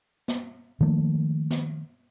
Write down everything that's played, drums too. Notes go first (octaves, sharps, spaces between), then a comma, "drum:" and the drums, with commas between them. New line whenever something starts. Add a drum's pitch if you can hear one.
drum: snare
D#3 F3 A3 A#3
drum: snare